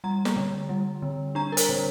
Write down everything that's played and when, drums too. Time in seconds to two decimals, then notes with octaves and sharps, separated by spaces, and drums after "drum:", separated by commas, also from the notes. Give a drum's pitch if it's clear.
0.04 G3 A#5
0.25 drum: snare
0.36 D3
0.69 G3
1.02 D3
1.35 D4 A#5
1.52 A#4
1.57 C5, drum: hi-hat
1.69 D3